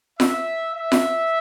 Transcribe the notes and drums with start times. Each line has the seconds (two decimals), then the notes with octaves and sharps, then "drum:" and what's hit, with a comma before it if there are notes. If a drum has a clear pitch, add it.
0.20 E5, drum: snare F4
0.74 E5
0.92 drum: snare F4